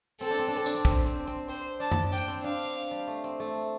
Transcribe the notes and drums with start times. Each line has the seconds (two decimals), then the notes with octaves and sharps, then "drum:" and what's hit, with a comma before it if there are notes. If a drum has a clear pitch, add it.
0.21 C4 A4
0.30 D4
0.39 C4
0.48 D4
0.57 C4
0.66 D4, drum: tambourine
0.74 C4
0.85 C4, drum: kick
1.06 C4
1.27 C4
1.48 C4 C5
1.80 D4 A5
1.91 drum: tom F#2
2.12 D4 G5
2.28 C4
2.44 D4 F5
2.91 G3
3.07 A3
3.24 C4
3.40 A3